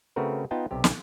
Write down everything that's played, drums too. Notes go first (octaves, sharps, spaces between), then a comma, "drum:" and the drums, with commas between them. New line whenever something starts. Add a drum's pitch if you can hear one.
C#3 A3 C4 F#4 A#4 B4
B3 D#4 F4 G5 A5
B1 C3 G4
drum: snare